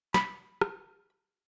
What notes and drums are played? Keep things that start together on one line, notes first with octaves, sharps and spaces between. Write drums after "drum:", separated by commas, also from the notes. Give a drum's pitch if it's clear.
B5, drum: snare
drum: rim click